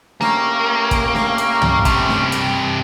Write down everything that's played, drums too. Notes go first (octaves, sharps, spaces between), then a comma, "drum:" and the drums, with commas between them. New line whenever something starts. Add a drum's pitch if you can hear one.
A3 A#3 C#4 G4, drum: snare D4
drum: kick, hi-hat
drum: snare D4
drum: hi-hat
drum: tom
G2 C3, drum: kick, hi-hat
drum: snare D4
drum: hi-hat